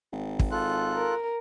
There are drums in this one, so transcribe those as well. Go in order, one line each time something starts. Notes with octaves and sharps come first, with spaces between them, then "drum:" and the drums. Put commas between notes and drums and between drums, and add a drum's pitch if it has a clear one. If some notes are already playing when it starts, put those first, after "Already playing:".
G#1
drum: kick
F4 A4 F#6
A#4